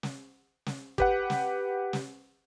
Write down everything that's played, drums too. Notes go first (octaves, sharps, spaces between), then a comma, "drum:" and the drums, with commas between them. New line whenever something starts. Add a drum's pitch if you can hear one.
drum: snare
drum: snare
G4 B4 F#5, drum: kick
drum: snare
drum: snare